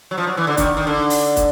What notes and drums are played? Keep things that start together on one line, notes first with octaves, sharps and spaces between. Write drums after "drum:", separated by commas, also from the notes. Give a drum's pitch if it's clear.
F#3
F3
F#3
E3
D3
D#3, drum: kick, hi-hat
D#3
D3
drum: open hi-hat
drum: kick, hi-hat